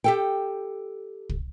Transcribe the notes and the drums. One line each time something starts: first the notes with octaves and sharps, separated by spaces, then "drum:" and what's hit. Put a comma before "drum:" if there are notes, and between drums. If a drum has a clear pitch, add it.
G4 A4 G5
drum: kick